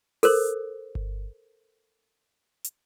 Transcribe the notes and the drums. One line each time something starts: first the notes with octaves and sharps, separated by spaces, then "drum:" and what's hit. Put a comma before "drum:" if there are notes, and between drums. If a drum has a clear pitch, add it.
A4 A#4 C5, drum: open hi-hat
drum: kick G1
drum: hi-hat